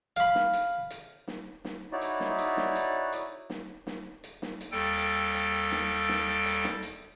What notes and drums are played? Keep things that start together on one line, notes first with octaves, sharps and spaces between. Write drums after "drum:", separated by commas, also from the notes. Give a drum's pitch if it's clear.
F5 B5, drum: hi-hat
drum: snare
drum: hi-hat
drum: hi-hat
drum: snare
drum: snare
D#4 E4 F#4 C#5 D5
drum: hi-hat
drum: snare
drum: hi-hat
drum: snare
drum: hi-hat
drum: hi-hat
drum: snare
drum: snare
drum: hi-hat
drum: snare
drum: hi-hat
D#2 G3 A4 G5 A6
drum: hi-hat
drum: hi-hat
drum: snare
drum: snare
drum: hi-hat
drum: snare
drum: hi-hat